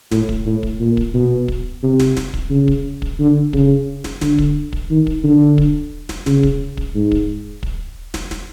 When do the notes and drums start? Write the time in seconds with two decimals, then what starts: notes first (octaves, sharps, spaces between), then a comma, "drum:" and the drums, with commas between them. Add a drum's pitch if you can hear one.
0.11 A2, drum: snare
0.29 drum: kick
0.46 A2
0.63 drum: kick
0.80 A#2
0.97 drum: kick
1.14 B2
1.48 drum: kick
1.83 C3
2.00 drum: snare
2.17 drum: snare
2.34 drum: kick
2.50 C#3
2.68 drum: kick
3.02 drum: kick
3.19 D3
3.53 C#3, drum: kick
4.04 drum: snare
4.21 D3, drum: snare
4.38 drum: kick
4.73 drum: kick
4.90 D#3
5.07 drum: kick
5.24 D3
5.58 drum: kick
6.09 drum: snare
6.26 C#3, drum: snare
6.43 drum: kick
6.77 drum: kick
6.94 G#2
7.12 drum: kick
7.63 drum: kick
8.14 drum: snare
8.31 drum: snare